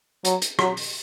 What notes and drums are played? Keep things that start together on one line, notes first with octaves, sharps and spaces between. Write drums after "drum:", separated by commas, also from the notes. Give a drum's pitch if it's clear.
F#3, drum: hi-hat
drum: hi-hat
F#3, drum: rim click
drum: open hi-hat